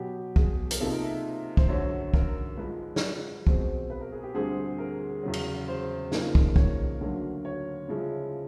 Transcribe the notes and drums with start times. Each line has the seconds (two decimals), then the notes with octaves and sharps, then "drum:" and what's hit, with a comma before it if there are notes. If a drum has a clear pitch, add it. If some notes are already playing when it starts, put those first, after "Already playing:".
Already playing: B2 F#3 B3 G4
0.36 G#4, drum: kick
0.71 A#4, drum: hi-hat
0.80 C3 F3 A#3 D#4 A4
0.92 A#4
1.02 E5
1.57 C5, drum: kick
1.69 F#2 D3 F#3 C#5
2.14 A#4, drum: kick
2.57 G#2 F3 G#3 B4
2.96 drum: snare
3.47 B2 G#3 C4 C5, drum: kick
3.90 B4
4.01 A#4
4.12 G#4
4.23 G4
4.34 D2 D3 G3 C4 G#4
4.78 A#4
5.23 E2 C#3 F#3
5.33 drum: cymbal
5.68 C5
6.12 C#3 F3 A#3 D#4, drum: snare
6.35 drum: kick
6.56 C#5, drum: kick
7.00 D2 D3 F#3 A#3
7.45 C#5
7.88 C#3 F3 G#3 C#4 E4